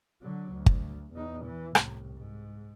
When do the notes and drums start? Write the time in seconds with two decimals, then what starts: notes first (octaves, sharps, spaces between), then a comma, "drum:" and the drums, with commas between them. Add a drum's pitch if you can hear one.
0.22 D3 F#3
0.53 D2
0.66 drum: kick G1
1.13 E2 D#4
1.45 E3
1.75 C2 A2, drum: rim click
2.17 G#2